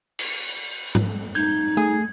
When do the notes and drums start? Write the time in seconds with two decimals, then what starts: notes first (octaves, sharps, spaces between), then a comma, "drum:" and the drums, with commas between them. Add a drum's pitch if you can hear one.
0.19 drum: cymbal
0.57 drum: tambourine
0.95 drum: tom G#2
1.35 D#4 G6 G#6
1.77 A3 G#4